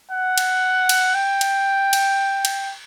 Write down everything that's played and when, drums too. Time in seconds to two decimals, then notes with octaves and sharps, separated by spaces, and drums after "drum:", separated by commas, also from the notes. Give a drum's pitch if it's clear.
0.12 F#5
0.38 drum: cymbal
0.89 drum: cymbal
1.15 G5
1.41 drum: cymbal
1.93 drum: cymbal
2.45 drum: cymbal